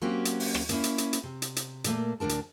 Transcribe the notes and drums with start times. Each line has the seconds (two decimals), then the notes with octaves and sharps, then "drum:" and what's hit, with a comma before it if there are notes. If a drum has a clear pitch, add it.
0.01 F#3 A#3 C4 C#4 F#4 G4
0.25 drum: hi-hat
0.40 drum: open hi-hat
0.54 drum: rim click
0.69 A#3 C#4 E4, drum: hi-hat
0.84 drum: hi-hat
0.98 drum: hi-hat
1.13 drum: hi-hat
1.24 C3
1.42 drum: hi-hat
1.56 drum: hi-hat
1.84 A#2 A3 A#3, drum: hi-hat
2.20 D2 A2 D4 A#4 A5
2.29 drum: hi-hat